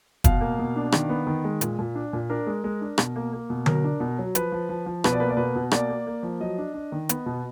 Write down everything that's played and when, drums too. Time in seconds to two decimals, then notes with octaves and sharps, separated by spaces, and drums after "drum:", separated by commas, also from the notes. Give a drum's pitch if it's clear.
0.24 B2 F5, drum: kick, hi-hat
0.41 A#3
0.59 B2
0.76 D4
0.92 D#3, drum: rim click
1.09 B3
1.27 D#3
1.44 G#3
1.61 A#2, drum: hi-hat
1.79 A#2
1.95 D4
2.13 A#2
2.30 D4 A#4
2.47 G#3
2.64 G#3
2.81 D4
2.98 B2, drum: rim click
3.16 A#3
3.33 A#3
3.50 B2
3.66 F#3 A#4, drum: tom D3
3.84 D4
4.00 B2
4.19 F#3
4.35 F3 B4, drum: hi-hat
4.52 F3
4.69 F3
4.86 F3
5.04 B2 B4, drum: rim click
5.13 D5
5.20 A#3 B4
5.29 D5
5.37 B2 B4
5.56 B2
5.71 A#3 D5, drum: rim click
5.89 A#3
6.07 A#3
6.23 F3
6.40 F#3 D#5
6.58 D4
6.74 D4
6.92 D#3
7.09 B3, drum: hi-hat
7.26 B2